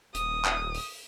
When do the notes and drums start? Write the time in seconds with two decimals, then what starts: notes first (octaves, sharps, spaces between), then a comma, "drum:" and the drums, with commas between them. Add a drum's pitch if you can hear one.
0.15 D#1 D#6, drum: hi-hat
0.45 drum: clap
0.75 drum: open hi-hat